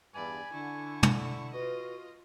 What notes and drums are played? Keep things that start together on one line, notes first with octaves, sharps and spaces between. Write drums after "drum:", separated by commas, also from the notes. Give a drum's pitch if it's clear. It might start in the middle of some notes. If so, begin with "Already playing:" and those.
E2 G2 D5 G#5 B5
D3 D4 E4 C#6
drum: tom
F4 F#4 B4 D#5